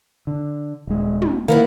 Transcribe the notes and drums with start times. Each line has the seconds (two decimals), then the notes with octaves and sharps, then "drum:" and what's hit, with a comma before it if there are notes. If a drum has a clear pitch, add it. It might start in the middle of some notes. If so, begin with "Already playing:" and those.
0.27 D3
0.87 D#1 G#3
1.22 drum: tom
1.48 D#3 A#3 B3 E4